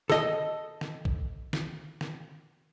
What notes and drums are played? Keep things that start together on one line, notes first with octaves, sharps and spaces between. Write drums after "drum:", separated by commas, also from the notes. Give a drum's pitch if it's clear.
A4 D#5, drum: snare
drum: snare
drum: kick
drum: snare
drum: snare